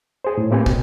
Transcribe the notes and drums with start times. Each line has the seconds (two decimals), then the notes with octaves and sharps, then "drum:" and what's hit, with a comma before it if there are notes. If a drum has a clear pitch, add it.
0.24 G#4 C5
0.38 A2
0.51 A3 A#3 C4 G4 B4 G#5
0.66 B2, drum: kick